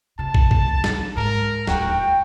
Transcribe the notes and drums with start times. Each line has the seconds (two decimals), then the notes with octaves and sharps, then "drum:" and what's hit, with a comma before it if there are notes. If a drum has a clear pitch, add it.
0.19 C3 A5
0.34 drum: kick
0.51 drum: kick
0.84 drum: snare
1.17 G#2 A#4
1.67 D1 D#2 F#4 G5, drum: snare